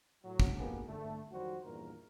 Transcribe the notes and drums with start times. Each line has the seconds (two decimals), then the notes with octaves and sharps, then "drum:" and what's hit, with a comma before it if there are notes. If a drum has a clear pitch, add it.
0.24 A2 F#3
0.40 drum: kick
0.59 B2 A#3 B3 G4 G#4 A#4
0.87 D3 A3
1.32 F2 D#3 F#3 G3 F#4 C5
1.65 E2 G2 A#2 D#3 A#4